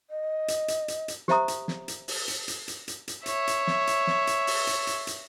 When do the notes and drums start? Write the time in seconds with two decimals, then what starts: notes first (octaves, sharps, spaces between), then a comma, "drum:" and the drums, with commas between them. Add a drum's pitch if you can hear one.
0.10 D#5
0.48 drum: hi-hat
0.68 drum: hi-hat
0.88 drum: hi-hat
1.08 drum: hi-hat
1.28 G4 C5 E5 A#5 D#6, drum: snare
1.48 drum: hi-hat
1.68 drum: snare
1.88 drum: hi-hat
2.08 drum: open hi-hat
2.28 drum: hi-hat
2.48 drum: hi-hat
2.68 drum: hi-hat
2.88 drum: hi-hat
3.08 drum: hi-hat
3.26 C#5 E5, drum: hi-hat
3.47 drum: hi-hat
3.67 drum: snare
3.87 drum: hi-hat
4.07 drum: snare
4.27 drum: hi-hat
4.47 drum: open hi-hat
4.67 drum: hi-hat
4.87 drum: hi-hat
5.07 drum: hi-hat